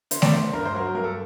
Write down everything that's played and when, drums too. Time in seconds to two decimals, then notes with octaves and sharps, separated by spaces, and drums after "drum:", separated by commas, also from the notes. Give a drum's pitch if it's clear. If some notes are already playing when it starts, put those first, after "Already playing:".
0.11 D3 C5, drum: hi-hat
0.22 D5, drum: snare A3
0.32 D3 C5
0.53 G2 A#4
0.65 C5
0.74 F#3 A#4
0.95 G2 A#4
1.04 A4